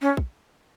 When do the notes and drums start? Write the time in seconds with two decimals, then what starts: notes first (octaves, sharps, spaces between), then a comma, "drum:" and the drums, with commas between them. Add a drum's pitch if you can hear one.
0.01 C#4
0.17 drum: kick